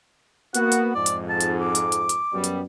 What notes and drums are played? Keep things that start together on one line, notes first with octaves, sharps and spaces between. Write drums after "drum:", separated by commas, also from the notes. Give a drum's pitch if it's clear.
A#3 B3 F#4 F#5, drum: hi-hat
drum: hi-hat
F2 G#2 D5
drum: hi-hat
A5
drum: hi-hat
D6
drum: hi-hat
drum: hi-hat
drum: hi-hat
F#2 G3 B3
drum: hi-hat